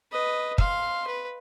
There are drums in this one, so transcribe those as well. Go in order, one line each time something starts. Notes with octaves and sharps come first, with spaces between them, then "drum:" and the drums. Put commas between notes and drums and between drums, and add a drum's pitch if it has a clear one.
B4 D#5
F5 C6, drum: kick
B4